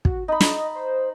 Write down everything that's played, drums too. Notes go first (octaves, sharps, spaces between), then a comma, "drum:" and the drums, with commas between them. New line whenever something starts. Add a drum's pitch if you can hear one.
F#4, drum: kick
D#4 D#5 B5
drum: snare
C5